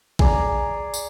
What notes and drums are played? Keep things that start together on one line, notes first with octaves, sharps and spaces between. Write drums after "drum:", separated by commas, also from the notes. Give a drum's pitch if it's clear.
G#4 D5 A#5, drum: kick A#1
drum: tambourine